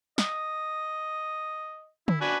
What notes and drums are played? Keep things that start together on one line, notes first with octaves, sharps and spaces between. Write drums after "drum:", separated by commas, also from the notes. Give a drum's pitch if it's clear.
D#5, drum: snare
E4, drum: tom D3
D4 F#4 B4 G#5